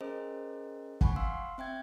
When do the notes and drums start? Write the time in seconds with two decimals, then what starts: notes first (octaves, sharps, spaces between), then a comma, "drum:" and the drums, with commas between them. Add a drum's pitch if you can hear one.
0.01 C#4 G#4 A#4 C5 D#5
1.01 F#5 G#5 B5 C#6, drum: kick
1.16 F5 C6 E6
1.58 C4 E5 G5 G#6